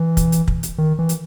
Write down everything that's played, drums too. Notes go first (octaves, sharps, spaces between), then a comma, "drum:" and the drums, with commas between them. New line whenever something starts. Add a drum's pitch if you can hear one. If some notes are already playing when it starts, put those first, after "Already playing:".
Already playing: E3
drum: kick, hi-hat
drum: hi-hat
drum: kick
drum: hi-hat
D#3
E3
drum: hi-hat